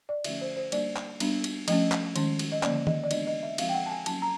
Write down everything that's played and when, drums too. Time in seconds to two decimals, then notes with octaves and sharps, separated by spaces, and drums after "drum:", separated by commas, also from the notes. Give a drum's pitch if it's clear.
0.09 D5
0.24 D3 F3 A3 C#4 E5, drum: cymbal
0.41 C5
0.57 C5
0.72 G3 A#3 D4 D5, drum: cymbal
0.96 drum: clap
1.20 G3 B3 D4, drum: cymbal
1.44 drum: cymbal
1.68 F3 A3 C#4 D#5, drum: cymbal
1.92 drum: clap
2.16 D#3 G#3 C#4, drum: cymbal
2.39 drum: cymbal
2.52 D#5
2.63 D3 F3 A#3 C#4 D5, drum: clap
2.87 D#5, drum: tom D#3
3.03 D5
3.11 E3 G#3 B3 D4 D#5, drum: cymbal
3.27 D#5
3.43 E5
3.58 F3 G#3 C4 F5, drum: cymbal
3.69 G5
3.74 F#5
3.86 A5
3.90 G#5
4.06 F#3 A#3 C#4 A5, drum: cymbal
4.22 A#5